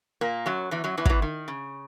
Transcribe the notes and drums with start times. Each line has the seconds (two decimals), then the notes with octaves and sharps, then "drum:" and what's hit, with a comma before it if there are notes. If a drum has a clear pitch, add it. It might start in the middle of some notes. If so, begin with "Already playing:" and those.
0.21 A#2 A#3
0.46 F#2 F#3
0.71 E2 E3
0.84 F#2 F#3
0.97 E2 E3
1.05 F#3, drum: kick
1.09 E2 E3
1.22 D#3
1.48 C#3